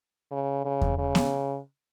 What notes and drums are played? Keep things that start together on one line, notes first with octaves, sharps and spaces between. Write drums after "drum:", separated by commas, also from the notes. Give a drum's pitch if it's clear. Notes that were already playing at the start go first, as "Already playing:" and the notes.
C#3
C#3
drum: kick E2
C#3
drum: snare B3